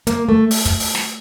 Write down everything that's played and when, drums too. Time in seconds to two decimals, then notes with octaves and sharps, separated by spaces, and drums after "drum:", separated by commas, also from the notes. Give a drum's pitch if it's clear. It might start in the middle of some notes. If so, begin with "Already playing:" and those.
0.07 A#3, drum: hi-hat
0.29 A3
0.51 drum: open hi-hat
0.65 drum: kick, hi-hat
0.80 drum: open hi-hat
0.95 drum: snare